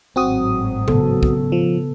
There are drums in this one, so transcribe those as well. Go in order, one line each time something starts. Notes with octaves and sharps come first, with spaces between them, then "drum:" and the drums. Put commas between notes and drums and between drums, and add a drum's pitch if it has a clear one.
G#1 A2 F#3 C4 F#4 D#6
C#3 B3 A4, drum: tom A#2
drum: kick
F3